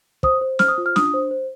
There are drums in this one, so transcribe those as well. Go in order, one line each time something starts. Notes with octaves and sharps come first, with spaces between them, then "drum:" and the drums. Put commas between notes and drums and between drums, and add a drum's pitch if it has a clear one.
C5 D#6, drum: kick
C5
C5 F6, drum: snare
D#6
F4
F6
D4 D#6, drum: snare
C5
C5